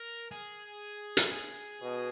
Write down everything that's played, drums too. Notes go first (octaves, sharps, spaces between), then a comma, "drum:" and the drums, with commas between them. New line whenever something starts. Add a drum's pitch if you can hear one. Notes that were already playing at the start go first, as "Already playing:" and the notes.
Already playing: A#4
G#4
drum: hi-hat
G#4
B2